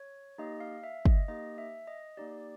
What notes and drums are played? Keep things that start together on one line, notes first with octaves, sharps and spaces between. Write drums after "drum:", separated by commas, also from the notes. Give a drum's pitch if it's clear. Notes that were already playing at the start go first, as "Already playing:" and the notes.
Already playing: C#5
A#3 D#4 G4 D#5
F5
E5
D#5, drum: kick
A#3 D#4 G4 D#5
E5
D#5
A#3 D#4 G4 D5